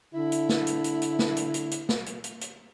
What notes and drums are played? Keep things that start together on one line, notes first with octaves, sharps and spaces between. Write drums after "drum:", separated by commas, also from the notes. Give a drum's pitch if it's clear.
D3 E4
drum: hi-hat
drum: snare
drum: hi-hat
drum: hi-hat
drum: hi-hat
drum: snare
drum: hi-hat
drum: hi-hat
drum: hi-hat
drum: snare
drum: hi-hat
drum: hi-hat
drum: hi-hat